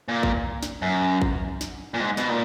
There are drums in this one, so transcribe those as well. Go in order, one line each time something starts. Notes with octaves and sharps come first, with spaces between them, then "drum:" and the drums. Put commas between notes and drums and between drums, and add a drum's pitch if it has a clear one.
A#2
drum: kick A1
drum: snare
F#2
drum: kick A1
drum: snare
A#2
G#2
B2, drum: snare
A#2